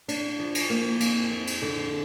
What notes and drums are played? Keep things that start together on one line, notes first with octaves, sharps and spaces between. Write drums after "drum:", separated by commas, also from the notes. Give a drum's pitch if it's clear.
D4, drum: cymbal
F3
drum: cymbal
A#3
F2, drum: cymbal
F2
drum: cymbal
D3